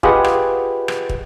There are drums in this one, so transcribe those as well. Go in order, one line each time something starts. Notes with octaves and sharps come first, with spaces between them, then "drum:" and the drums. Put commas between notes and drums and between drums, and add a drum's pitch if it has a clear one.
F4 G4 G#4 B4 D#5 F#5, drum: kick
drum: rim click
drum: rim click
drum: kick